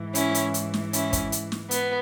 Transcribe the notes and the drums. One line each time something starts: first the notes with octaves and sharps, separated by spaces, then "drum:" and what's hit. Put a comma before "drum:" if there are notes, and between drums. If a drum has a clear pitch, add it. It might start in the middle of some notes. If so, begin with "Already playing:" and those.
Already playing: G#2 E3
C#4 E4, drum: hi-hat
drum: hi-hat
drum: hi-hat
drum: snare
C#4 E4, drum: hi-hat
drum: kick, hi-hat
drum: hi-hat
drum: snare
B3, drum: hi-hat